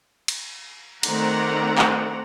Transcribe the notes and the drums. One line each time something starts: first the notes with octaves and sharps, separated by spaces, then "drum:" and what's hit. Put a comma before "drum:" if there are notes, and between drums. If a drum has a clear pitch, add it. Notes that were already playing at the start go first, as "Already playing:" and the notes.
drum: cymbal
D#3 A3 C4 D5 F#5 A#5, drum: cymbal
drum: clap